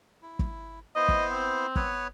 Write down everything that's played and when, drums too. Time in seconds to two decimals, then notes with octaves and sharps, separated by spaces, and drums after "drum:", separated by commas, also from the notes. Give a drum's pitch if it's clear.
0.22 E4
0.39 drum: kick
0.96 B3 E4 C5 D#5
1.08 drum: kick
1.32 C4
1.76 B3 B4 C#5, drum: kick